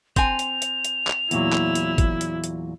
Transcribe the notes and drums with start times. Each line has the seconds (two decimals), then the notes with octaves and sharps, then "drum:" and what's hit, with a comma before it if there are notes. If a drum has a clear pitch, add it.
0.16 C4 G#5 F7, drum: kick, hi-hat
0.39 drum: hi-hat
0.62 drum: hi-hat
0.85 drum: hi-hat
1.07 drum: clap
1.31 E2 A#2 F#3 E4, drum: hi-hat
1.53 drum: clap
1.75 drum: hi-hat
1.98 drum: kick, hi-hat
2.21 drum: hi-hat
2.44 drum: hi-hat